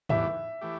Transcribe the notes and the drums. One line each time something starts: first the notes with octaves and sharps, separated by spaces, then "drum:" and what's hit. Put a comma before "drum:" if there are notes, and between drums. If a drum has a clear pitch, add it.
E2 E3 A3 G4 E5, drum: tom G#2
E3 A3 G4